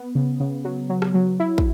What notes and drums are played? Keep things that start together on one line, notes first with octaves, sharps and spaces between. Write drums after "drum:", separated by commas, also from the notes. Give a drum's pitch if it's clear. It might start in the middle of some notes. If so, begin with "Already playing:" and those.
Already playing: B3
C#3
C#3
F#3
F#3
drum: rim click
F#3
E4
drum: kick